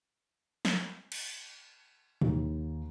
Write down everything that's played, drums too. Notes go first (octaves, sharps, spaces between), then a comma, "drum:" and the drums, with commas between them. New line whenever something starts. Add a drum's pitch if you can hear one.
drum: snare
drum: cymbal
D#2, drum: tom G#2